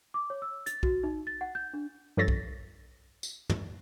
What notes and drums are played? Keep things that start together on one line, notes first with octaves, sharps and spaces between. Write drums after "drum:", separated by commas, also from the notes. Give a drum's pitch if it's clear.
D6
C#5
E6
A6, drum: hi-hat
F#4, drum: kick B1
D#4
A6
F#5
G6
D4
G2 F3 A4 C#5 A6 A#6
drum: kick B1
drum: tambourine
drum: tom